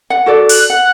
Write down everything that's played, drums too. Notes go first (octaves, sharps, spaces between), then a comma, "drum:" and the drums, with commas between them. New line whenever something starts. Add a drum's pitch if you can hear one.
F#5
F#4 A4 D5
F#6, drum: open hi-hat
F#5